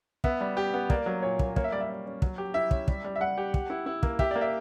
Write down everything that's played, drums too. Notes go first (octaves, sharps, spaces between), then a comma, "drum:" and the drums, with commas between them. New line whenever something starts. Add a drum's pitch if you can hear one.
B3 E5, drum: kick
G3
G4
B3
A#3 D5, drum: kick
F#3
A#2 C#5
A#3, drum: kick
A#3 C#5, drum: kick
E5
G3 D5
E5
C#4
C#4
F#3, drum: kick
G4
E4 E5
C#4, drum: kick
G3, drum: kick
G3
E5
G3 F#5
G4
G4, drum: kick
E4
E4
A#3, drum: kick
G4 E5, drum: kick
A#3 D5
E5